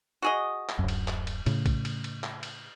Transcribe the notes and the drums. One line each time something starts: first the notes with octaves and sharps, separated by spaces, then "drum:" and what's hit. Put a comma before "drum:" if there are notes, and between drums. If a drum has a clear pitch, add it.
F#4 G#4 D#5
drum: clap
D1 F#2
drum: cymbal
drum: clap
drum: cymbal
A2 C#3, drum: cymbal
drum: kick, cymbal
drum: cymbal
drum: cymbal
drum: clap
drum: cymbal